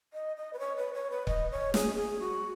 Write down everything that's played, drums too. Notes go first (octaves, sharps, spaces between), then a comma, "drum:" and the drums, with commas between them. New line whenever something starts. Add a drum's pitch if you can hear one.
D#5
D#5
B4
C#5
B4
C#5
B4
D#5, drum: kick C#1
C#5
G#4, drum: snare
G#4
F#4